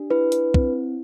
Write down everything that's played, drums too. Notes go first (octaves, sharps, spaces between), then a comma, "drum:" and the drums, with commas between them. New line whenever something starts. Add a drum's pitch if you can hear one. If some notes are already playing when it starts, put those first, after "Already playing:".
Already playing: D4 G4
E4 B4
drum: hi-hat
C4, drum: kick